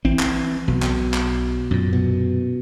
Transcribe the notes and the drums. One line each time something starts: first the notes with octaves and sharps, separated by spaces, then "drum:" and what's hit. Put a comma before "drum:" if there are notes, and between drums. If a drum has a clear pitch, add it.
E3 C4, drum: kick
drum: clap
B1 B2
drum: clap
drum: clap
F#2 A#2
B2